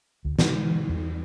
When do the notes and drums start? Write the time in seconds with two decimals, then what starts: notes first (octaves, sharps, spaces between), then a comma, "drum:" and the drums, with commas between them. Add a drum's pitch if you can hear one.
0.25 D2
0.39 B2 D3 E3 G#3, drum: snare
0.89 E2